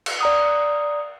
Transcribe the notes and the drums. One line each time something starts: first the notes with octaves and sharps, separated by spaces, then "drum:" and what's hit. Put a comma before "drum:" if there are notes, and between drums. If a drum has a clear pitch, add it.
drum: cymbal
D5 A#5 D#6